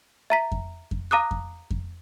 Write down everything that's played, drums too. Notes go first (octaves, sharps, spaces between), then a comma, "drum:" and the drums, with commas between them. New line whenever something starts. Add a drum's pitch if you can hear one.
E5 A#5 B6
drum: kick F2
drum: kick F2
F5 A#5 D6 D#6 F#6
drum: kick F2
drum: kick F2